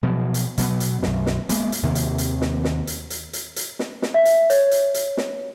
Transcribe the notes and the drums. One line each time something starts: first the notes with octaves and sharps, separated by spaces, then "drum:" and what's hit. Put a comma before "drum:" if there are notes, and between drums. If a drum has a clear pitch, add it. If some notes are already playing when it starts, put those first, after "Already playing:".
B2 F3 F#3
drum: hi-hat
B2 F#3 B3, drum: hi-hat
drum: hi-hat
B1 F#2, drum: snare
drum: snare
G#3 A#3 B3, drum: hi-hat
drum: hi-hat
D#2 C3 D#3 A#3
drum: hi-hat
drum: hi-hat
drum: snare
drum: snare
drum: hi-hat
drum: hi-hat
drum: hi-hat
drum: hi-hat
drum: snare
drum: snare
E5
drum: hi-hat
C#5, drum: hi-hat
drum: hi-hat
drum: hi-hat
drum: snare